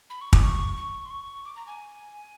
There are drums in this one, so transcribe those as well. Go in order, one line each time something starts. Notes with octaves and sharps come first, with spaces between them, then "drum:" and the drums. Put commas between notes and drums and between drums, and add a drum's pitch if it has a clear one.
B5
C#6
D6, drum: kick
C#6
C#6
C6
C#6
D6
A#5
G#5